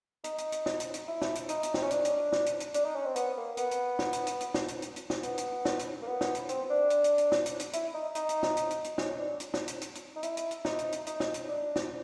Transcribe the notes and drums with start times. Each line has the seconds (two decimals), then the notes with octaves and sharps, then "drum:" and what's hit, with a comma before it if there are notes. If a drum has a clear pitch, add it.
0.24 D#4, drum: hi-hat
0.38 drum: hi-hat
0.52 drum: hi-hat
0.66 drum: snare
0.80 drum: hi-hat
0.94 drum: hi-hat
1.08 E4
1.22 drum: snare
1.35 drum: hi-hat
1.49 D#4, drum: hi-hat
1.63 drum: hi-hat
1.74 C4, drum: snare
1.82 C#4
1.91 D4, drum: hi-hat
2.05 drum: hi-hat
2.32 drum: snare
2.46 drum: hi-hat
2.60 drum: hi-hat
2.74 D4, drum: hi-hat
2.85 D#4
2.95 C#4
3.05 C4
3.16 B3, drum: hi-hat
3.37 A#3
3.57 B3, drum: hi-hat
3.71 drum: hi-hat
3.99 drum: snare
4.13 drum: hi-hat
4.27 drum: hi-hat
4.41 drum: hi-hat
4.54 drum: snare
4.68 drum: hi-hat
4.82 drum: hi-hat
4.96 drum: hi-hat
5.10 drum: snare
5.23 B3, drum: hi-hat
5.38 drum: hi-hat
5.65 drum: snare
5.79 drum: hi-hat
6.02 A#3
6.07 B3
6.21 drum: snare
6.35 drum: hi-hat
6.49 C4, drum: hi-hat
6.70 D4
6.90 drum: hi-hat
7.04 drum: hi-hat
7.18 drum: hi-hat
7.32 drum: snare
7.46 drum: hi-hat
7.60 drum: hi-hat
7.73 E4, drum: hi-hat
7.94 D#4
8.15 D#4, drum: hi-hat
8.29 drum: hi-hat
8.43 drum: snare
8.57 drum: hi-hat
8.71 drum: hi-hat
8.84 drum: hi-hat
8.98 C#4, drum: snare
9.19 D4
9.40 drum: hi-hat
9.54 drum: snare
9.68 drum: hi-hat
9.82 drum: hi-hat
9.95 drum: hi-hat
10.16 D#4
10.23 E4, drum: hi-hat
10.37 drum: hi-hat
10.51 drum: hi-hat
10.65 D#4, drum: snare
10.79 drum: hi-hat
10.92 drum: hi-hat
11.07 D#4, drum: hi-hat
11.20 drum: snare
11.34 drum: hi-hat
11.48 D4
11.76 drum: snare